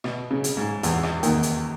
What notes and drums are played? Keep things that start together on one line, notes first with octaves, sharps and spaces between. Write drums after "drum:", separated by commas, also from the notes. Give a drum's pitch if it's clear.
B2, drum: rim click
C#3
drum: hi-hat
G#2 G#3
E2 E3, drum: hi-hat
drum: rim click
D#2 D#3, drum: hi-hat
drum: hi-hat